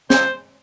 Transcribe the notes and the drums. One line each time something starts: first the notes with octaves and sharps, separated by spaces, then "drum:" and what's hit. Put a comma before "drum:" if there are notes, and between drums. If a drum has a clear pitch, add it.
C3 F3 C4 C5, drum: snare